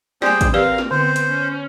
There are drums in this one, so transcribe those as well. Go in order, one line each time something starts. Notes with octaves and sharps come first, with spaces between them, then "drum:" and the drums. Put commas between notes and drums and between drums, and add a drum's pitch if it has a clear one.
G3 G#4 C5 D5 G5 G#5, drum: snare
drum: kick A1, hi-hat
C4 G4 A#4 B4 D5 F5
drum: snare
D3 B3 C4 C5
drum: hi-hat
C#4